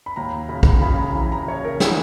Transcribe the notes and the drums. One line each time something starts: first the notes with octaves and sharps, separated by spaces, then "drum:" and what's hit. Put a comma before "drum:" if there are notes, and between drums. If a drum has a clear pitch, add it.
B5
D#2 A#5
C#3 B5
drum: kick A#1
C#3 B5
A#5
E3 B5
A#5
C#3 C#5
A#4
E3 G#4, drum: snare